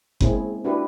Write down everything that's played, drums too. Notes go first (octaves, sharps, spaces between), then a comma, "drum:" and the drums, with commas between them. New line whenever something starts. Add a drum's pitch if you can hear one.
G#3 A#3 C4 C#4 E4 G#4, drum: kick F#1
D4 E4 F#4 G4 B4